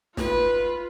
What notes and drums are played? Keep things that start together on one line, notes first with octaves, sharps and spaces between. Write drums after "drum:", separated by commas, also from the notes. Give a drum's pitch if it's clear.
F4 B4, drum: snare